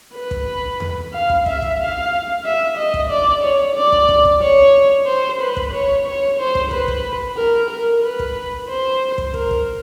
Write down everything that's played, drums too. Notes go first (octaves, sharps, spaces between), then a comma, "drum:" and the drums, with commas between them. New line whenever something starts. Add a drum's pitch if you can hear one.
B4
drum: kick
drum: tom E2
F5
drum: kick
E5, drum: kick
drum: kick
F5
E5
D#5
drum: kick
D5
C#5
D5
drum: kick
drum: kick
drum: kick
C#5
C5
B4
drum: kick
C#5
C#5
C5
drum: kick
B4, drum: kick
drum: kick
A#4
A#4
B4
drum: kick
C5
drum: kick
A#4, drum: kick
drum: kick